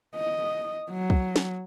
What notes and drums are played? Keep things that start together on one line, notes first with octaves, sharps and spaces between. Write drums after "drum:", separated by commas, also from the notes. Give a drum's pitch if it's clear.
D#5
F#3
drum: kick
drum: snare